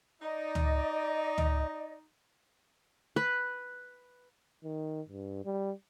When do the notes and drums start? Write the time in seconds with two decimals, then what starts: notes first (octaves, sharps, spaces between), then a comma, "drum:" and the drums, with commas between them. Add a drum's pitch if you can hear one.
0.22 D#4 D5 D#5
0.55 drum: tom C#2
1.38 drum: tom C#2
3.16 B4
4.64 D#3
5.09 G2
5.45 G3